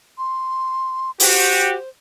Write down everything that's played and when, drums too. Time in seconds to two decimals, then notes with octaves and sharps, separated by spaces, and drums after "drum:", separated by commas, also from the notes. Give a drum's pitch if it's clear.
0.18 C6
1.20 F#4 G4 C5, drum: open hi-hat